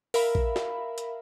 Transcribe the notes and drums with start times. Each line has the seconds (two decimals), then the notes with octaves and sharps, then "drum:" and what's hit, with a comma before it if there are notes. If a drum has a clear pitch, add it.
0.14 A#4 E5 F5 B5, drum: open hi-hat
0.35 drum: kick
0.56 drum: snare
0.98 drum: hi-hat